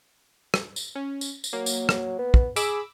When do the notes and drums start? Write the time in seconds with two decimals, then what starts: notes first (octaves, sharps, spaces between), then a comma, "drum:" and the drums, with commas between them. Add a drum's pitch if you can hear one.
0.54 drum: rim click
0.76 drum: tambourine
0.95 C#4
1.21 drum: tambourine
1.44 drum: tambourine
1.53 F#3 A#3
1.66 drum: tambourine
1.89 drum: rim click
2.19 B3
2.34 drum: kick
2.56 G#4 B5 D6 E6, drum: tambourine